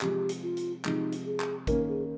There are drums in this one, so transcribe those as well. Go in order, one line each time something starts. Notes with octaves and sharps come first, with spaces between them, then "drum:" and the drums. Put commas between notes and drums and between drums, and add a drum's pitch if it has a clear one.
C3 F3 G#3 G4, drum: clap
drum: hi-hat
F4
drum: hi-hat
C3 F3 G#3 D#4, drum: clap
drum: hi-hat
G#4
drum: clap
D#3 A#3 C#4 A#4, drum: kick A1, hi-hat
G#4